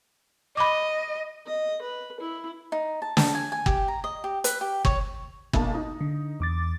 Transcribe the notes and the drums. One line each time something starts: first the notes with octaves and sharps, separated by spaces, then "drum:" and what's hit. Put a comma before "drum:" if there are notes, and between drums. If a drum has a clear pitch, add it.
D#5 B5 D6
D#5
B4
E4
D#4
A5
A5, drum: snare
G#5
G#5
G4, drum: kick
A#5
D#5
G4
B4, drum: hi-hat
G4
C#5, drum: kick
B1 A#3 A5, drum: kick
D#4
D3
E2 D6 A6